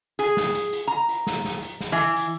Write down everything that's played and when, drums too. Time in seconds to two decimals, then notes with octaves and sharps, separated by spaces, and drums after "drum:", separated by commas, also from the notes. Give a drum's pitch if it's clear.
0.19 G#4, drum: hi-hat
0.37 drum: snare
0.55 drum: hi-hat
0.73 drum: hi-hat
0.87 A#5
1.09 drum: hi-hat
1.27 drum: snare
1.45 drum: snare
1.63 drum: hi-hat
1.81 drum: snare
1.92 E3
2.16 drum: hi-hat